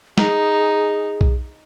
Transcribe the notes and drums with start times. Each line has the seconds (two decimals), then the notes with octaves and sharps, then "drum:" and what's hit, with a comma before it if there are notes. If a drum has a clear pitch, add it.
0.18 D#4 G#4, drum: snare
1.21 drum: kick B1